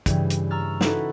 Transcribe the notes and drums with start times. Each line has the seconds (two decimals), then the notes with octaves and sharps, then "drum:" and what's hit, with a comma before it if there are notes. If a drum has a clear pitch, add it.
0.06 G2 C#3 E3 G3, drum: kick, hi-hat
0.30 drum: hi-hat
0.50 A#5 C#6 E6 F6 A6
0.81 C#4 D#4 E4 F#4 A4 B4, drum: snare